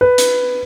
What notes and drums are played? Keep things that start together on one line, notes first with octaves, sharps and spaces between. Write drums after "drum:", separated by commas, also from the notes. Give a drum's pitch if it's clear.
B4
drum: hi-hat